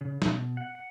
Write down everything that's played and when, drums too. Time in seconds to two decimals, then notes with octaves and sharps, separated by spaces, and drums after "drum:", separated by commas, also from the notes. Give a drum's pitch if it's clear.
0.01 C#3
0.22 B2, drum: snare
0.57 F#5
0.75 F#5